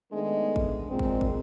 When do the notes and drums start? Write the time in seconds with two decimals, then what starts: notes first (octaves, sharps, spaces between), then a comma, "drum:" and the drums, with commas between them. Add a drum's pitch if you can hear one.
0.12 D#3 G#3 A3 B3 D4 D#4
0.56 drum: kick
0.90 A#2 G#3 C4
0.99 drum: kick
1.21 drum: kick